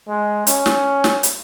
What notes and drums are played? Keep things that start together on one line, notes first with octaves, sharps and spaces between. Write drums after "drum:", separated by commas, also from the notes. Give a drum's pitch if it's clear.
G#3
C#4, drum: hi-hat
drum: snare
drum: snare
drum: hi-hat